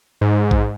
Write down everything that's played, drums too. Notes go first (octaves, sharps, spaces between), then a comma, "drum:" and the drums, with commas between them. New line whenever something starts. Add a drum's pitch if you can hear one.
G#2
drum: kick A1